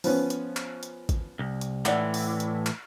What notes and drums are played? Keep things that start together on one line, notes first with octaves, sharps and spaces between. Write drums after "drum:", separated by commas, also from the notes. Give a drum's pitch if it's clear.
F3 B3 C#4, drum: open hi-hat
drum: hi-hat
drum: clap
drum: hi-hat
drum: kick, hi-hat
C2
drum: hi-hat
A2 E3 D5 F#5, drum: clap
drum: open hi-hat
drum: hi-hat
drum: clap